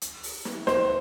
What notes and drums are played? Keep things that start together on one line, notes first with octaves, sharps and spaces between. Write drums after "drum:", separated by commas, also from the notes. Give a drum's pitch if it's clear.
drum: hi-hat
drum: open hi-hat
drum: snare
C5, drum: snare